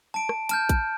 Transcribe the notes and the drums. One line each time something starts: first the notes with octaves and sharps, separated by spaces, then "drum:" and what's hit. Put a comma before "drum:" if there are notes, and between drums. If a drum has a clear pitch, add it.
A5 D7
drum: rim click
A5 F6 G6, drum: hi-hat
drum: kick, hi-hat